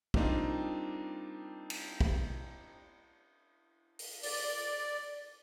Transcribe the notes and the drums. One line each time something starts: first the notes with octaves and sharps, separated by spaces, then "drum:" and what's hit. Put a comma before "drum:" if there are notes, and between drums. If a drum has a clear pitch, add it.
G3 A#3 C4 D4 D#4 F4, drum: kick
drum: cymbal
drum: kick
drum: open hi-hat
D5, drum: open hi-hat